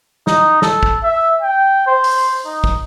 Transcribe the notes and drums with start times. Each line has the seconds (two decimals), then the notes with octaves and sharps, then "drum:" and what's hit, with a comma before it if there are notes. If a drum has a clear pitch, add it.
0.27 D#4, drum: snare
0.62 A4, drum: snare
0.83 drum: kick
1.03 E5
1.42 G5
1.87 C5
2.04 drum: open hi-hat
2.45 D#4
2.64 drum: kick